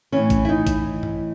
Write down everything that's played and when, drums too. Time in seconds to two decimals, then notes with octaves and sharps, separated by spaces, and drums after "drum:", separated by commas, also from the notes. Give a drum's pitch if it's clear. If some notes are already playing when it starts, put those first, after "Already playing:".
0.12 A2 E3 C#4
0.30 drum: kick A1, hi-hat
0.45 E4
0.49 D#4
0.67 drum: kick A1, hi-hat
1.03 drum: tom G2